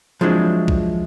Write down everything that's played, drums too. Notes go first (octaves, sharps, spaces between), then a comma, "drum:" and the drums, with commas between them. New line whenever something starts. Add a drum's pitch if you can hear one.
F3 F#3 G#3 C4 D4 E4
drum: kick